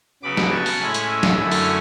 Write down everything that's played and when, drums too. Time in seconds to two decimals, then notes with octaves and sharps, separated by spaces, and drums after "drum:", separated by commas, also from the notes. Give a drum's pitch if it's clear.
0.23 C#3 F#3 B3 B5 D6
0.37 drum: snare
0.51 A5 C#6
0.66 drum: open hi-hat
0.80 A2 G#3 C#4 E4 G#5 B5
0.94 drum: hi-hat
1.08 E5 G#5
1.23 drum: snare
1.37 F#2 D3 A3 C#4 E4
1.51 drum: open hi-hat